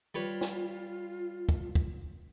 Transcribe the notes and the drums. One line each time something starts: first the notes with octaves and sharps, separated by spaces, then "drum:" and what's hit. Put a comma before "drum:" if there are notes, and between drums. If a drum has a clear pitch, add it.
G3 F4 B4 C#5
drum: snare
drum: kick
drum: kick